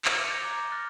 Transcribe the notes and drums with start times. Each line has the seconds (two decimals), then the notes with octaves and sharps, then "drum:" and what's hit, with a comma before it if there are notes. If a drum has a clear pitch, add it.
0.05 drum: clap
0.15 D6 A6 C#7 E7 F7 G7
0.29 G6 A#6
0.43 A#5 D6 F#6 G#6
0.72 F6 F#6 A6 A#6